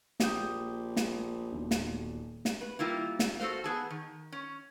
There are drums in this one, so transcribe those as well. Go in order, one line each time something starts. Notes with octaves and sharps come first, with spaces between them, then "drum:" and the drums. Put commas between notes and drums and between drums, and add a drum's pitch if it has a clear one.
A#1 G4 D#6 G6, drum: snare
drum: snare
D#1 B1
drum: snare
drum: snare
B4
G3 A#3 E4 F4
drum: snare
F#4 A4 A#4 C5 F5
B3 G#4 A5
D#3
C#4